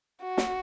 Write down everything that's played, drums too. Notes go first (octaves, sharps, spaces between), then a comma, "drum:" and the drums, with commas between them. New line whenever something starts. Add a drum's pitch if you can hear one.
F#4
drum: snare